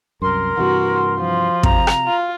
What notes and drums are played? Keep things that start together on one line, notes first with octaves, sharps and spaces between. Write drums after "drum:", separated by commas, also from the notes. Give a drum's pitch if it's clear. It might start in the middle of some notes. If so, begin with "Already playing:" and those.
C2 F#2 A#4 C6
G2 C3 E3 F#4
F3
C3 A#5, drum: kick
drum: rim click
F4